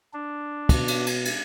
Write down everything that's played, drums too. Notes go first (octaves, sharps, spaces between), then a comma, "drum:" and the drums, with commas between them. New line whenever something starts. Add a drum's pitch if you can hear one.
D4
B2, drum: kick, cymbal
drum: cymbal
drum: cymbal
drum: cymbal